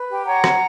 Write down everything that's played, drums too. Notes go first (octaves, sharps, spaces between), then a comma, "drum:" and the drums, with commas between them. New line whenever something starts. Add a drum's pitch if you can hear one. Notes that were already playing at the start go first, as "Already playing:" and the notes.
Already playing: B4
G4
C#5 F#5 A#5
F#4, drum: rim click